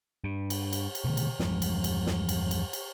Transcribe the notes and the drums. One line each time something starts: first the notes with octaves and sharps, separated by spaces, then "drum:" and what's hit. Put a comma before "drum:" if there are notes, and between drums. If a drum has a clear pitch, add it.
G2
drum: cymbal
drum: cymbal
drum: cymbal
B2 D3 D#3 A3
drum: cymbal
E2 G2 F3 G#3, drum: snare
drum: cymbal
drum: cymbal
drum: snare
drum: cymbal
drum: cymbal
drum: cymbal